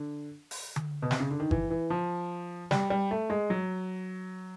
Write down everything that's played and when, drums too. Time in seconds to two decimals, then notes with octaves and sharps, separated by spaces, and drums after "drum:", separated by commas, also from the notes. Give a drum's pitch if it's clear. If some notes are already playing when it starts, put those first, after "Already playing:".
Already playing: D3
0.51 drum: open hi-hat
0.76 drum: tom D3
1.02 B2
1.11 C3, drum: snare
1.20 C#3
1.31 D3
1.40 D#3
1.51 E3, drum: kick G1
1.70 E3
1.90 F3
2.71 G3, drum: snare
2.90 G3
3.11 A3
3.30 G#3
3.50 F#3